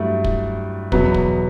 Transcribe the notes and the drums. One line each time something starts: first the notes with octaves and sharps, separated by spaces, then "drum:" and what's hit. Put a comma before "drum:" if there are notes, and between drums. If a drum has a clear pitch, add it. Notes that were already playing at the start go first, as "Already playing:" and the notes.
Already playing: G2 F#3 A3 E4
drum: kick
E2 B2 F#3 B3, drum: kick
drum: kick